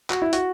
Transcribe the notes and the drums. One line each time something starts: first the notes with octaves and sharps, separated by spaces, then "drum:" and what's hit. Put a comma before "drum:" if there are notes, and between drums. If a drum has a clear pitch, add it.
F#4, drum: clap
E4
F#4, drum: hi-hat